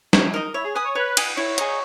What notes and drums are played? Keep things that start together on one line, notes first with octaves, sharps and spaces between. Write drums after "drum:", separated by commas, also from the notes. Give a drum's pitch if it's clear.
C#4 E4, drum: snare
D#4 A#4 D#5
E4 C#5
G#4
B4 G#5 D#6
C#5
B4 C#5
G#5 D#6, drum: cymbal
E4 C#5
G#4 D#5 A#5, drum: hi-hat